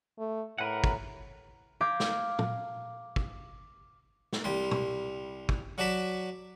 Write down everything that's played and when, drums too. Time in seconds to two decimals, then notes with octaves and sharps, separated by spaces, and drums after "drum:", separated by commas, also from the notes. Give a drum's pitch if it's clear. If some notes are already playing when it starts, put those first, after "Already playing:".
0.19 A3
0.58 A2 A#4 B4 F#5
0.84 drum: kick
1.81 F5 A#5 D6 G6 G#6 B6
2.00 drum: snare
2.39 drum: tom
3.16 drum: kick
4.33 drum: snare
4.44 C2 G3 C6
4.71 drum: tom
5.49 drum: kick
5.78 F#3 F#4 D5 A5 B5